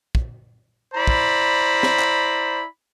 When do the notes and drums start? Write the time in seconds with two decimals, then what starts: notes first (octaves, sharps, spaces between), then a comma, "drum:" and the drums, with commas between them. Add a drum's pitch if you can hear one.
0.15 drum: kick
0.94 E4 C5 D5 A#5 B5
1.07 drum: kick
1.83 drum: snare
1.99 drum: clap